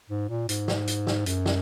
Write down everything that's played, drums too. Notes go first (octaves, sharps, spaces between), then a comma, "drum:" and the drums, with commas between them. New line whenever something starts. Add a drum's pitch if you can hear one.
G#2
A#2
G#2, drum: hi-hat
drum: snare
drum: hi-hat
drum: snare
F#2, drum: hi-hat
drum: snare